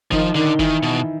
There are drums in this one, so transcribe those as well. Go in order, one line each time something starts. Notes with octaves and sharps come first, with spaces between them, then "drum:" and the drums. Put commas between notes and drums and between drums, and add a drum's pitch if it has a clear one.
D#3 F3 D#4, drum: kick F1
D3 D#3 D#4
D#3 E3 E4, drum: kick F1
B2